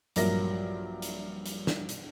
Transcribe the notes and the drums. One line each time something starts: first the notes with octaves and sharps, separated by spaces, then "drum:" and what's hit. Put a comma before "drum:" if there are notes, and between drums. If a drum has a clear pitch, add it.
A#1 G2 F#3 A#4 E5 A#6, drum: hi-hat
drum: hi-hat
drum: hi-hat
drum: snare
drum: hi-hat